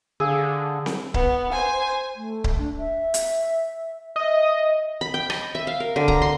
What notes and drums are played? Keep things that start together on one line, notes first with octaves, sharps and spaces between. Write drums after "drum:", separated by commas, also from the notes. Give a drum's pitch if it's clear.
D3 G#4 F5 D#6 E6
drum: snare C4
B3, drum: kick C#1
C5 G#5
A3
drum: kick C#1
D4
E5
drum: hi-hat
D#5 E5
B5
G5
D#5, drum: rim click
E5
F5
A#4
D3
A#5, drum: kick C#1
C6